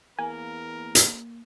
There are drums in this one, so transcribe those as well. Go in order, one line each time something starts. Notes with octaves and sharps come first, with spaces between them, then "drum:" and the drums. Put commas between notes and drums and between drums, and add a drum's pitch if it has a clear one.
E2 A#3 A#4 G#5
drum: hi-hat